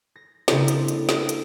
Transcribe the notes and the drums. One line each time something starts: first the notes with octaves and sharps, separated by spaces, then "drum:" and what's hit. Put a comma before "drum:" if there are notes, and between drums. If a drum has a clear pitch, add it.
A#6
C#3 A#3 C4 D4 E4 A4, drum: snare
drum: hi-hat
drum: hi-hat
drum: snare
drum: hi-hat